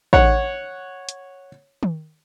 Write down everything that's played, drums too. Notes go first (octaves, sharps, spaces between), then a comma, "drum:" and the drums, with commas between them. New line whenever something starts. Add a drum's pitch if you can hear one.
C#5 F#5, drum: kick
drum: hi-hat
drum: tom D#3